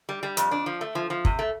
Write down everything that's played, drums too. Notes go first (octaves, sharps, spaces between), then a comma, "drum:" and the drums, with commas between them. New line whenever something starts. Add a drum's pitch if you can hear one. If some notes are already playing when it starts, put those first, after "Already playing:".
G3
G3
F2, drum: hi-hat
D4
F3
A3
F3
F3
C3, drum: kick
A3